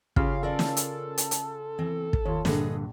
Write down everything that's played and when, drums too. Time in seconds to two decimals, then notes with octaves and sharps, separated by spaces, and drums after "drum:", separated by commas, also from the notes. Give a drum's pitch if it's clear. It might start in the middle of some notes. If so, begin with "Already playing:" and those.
0.16 C#3 C#4 F4 G4 F5, drum: kick
0.43 A4 A#4 D5 F5
0.59 drum: snare
0.77 drum: hi-hat
1.18 drum: hi-hat
1.31 drum: hi-hat
1.79 E3 C4
2.13 drum: kick
2.25 D#2 F4 C#5
2.45 A#1 G2 D3 G#4 A4 D#5, drum: snare